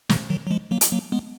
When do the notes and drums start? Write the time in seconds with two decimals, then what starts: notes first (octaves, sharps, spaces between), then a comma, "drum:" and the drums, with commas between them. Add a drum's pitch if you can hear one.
0.10 B2 D#3, drum: snare
0.30 D#3 F#3
0.47 F#3
0.50 F3 G#3
0.71 F#3 A#3
0.81 drum: hi-hat
0.92 F#3 A#3
1.12 G#3 B3